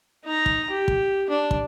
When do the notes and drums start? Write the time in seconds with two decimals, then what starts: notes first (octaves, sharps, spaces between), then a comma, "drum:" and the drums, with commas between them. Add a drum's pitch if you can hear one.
0.25 D#4 A#5
0.46 drum: kick
0.70 G4
0.88 drum: kick
1.30 D4
1.51 drum: kick